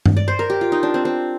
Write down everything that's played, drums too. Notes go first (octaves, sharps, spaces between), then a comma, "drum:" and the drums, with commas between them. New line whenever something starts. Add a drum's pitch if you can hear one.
drum: tom G2
D5
C5
A#4
G4
F4
D#4
D4
C4
C4